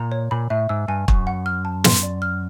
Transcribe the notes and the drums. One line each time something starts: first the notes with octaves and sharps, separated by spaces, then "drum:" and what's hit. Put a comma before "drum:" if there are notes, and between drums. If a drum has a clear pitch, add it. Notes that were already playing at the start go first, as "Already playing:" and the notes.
Already playing: A#2 A#5
C#5
A#2 B5
A2 E5
G#2 E6
G2 G#5
F#2 C#6, drum: kick
F#5
F6
A5
C6, drum: snare
D5
F6